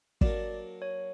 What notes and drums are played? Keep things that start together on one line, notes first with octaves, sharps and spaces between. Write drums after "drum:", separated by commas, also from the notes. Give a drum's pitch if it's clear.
F#3 A#3 D4 A#4 D5, drum: kick
C#5